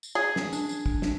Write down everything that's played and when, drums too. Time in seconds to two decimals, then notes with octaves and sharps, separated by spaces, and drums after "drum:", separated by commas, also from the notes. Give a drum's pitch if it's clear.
0.03 drum: tambourine
0.15 G#4
0.36 drum: snare
0.53 D4, drum: tambourine
0.69 drum: tambourine
0.86 drum: kick
1.02 drum: snare